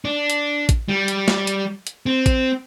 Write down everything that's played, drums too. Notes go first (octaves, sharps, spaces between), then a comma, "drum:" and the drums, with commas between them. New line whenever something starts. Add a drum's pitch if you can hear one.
D4
drum: hi-hat
drum: kick A1, hi-hat
G3
drum: hi-hat
drum: snare
drum: hi-hat
drum: hi-hat
C4
drum: kick A1, hi-hat